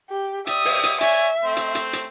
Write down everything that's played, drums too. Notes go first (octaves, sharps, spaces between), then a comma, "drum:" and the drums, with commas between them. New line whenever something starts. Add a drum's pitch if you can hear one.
G4
G4 D5 E5 D#6, drum: hi-hat
drum: open hi-hat
drum: hi-hat
C#5 D5 E5 G#5, drum: hi-hat
A3 C4 C5
drum: hi-hat
drum: hi-hat
drum: hi-hat